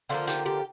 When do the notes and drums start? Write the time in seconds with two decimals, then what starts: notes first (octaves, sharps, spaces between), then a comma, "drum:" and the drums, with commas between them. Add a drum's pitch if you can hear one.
0.09 D3 F3 A#3 F4
0.27 G4, drum: hi-hat
0.46 G4